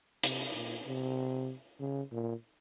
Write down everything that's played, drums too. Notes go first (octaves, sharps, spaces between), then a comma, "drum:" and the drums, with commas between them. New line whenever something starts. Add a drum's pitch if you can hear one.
C3, drum: hi-hat
A#2
C3
C#3
A#2